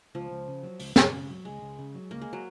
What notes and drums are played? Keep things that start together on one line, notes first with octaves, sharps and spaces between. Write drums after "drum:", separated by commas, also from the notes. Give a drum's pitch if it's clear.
C#2 F3
C#2
C#3
F#3
C#2, drum: open hi-hat
C#2, drum: snare
C#3
F#3
C#2 G#3
C#2
C#3
F#3
C#2 A#3
G#3
F#3